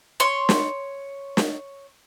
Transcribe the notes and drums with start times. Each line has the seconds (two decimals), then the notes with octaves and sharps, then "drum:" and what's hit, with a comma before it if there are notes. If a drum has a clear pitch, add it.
0.20 C#5 C6
0.49 drum: snare
1.37 drum: snare